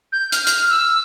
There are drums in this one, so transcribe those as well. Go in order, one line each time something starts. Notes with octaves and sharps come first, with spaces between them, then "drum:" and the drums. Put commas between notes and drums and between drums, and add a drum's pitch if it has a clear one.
G6
F6, drum: hi-hat
drum: hi-hat
E6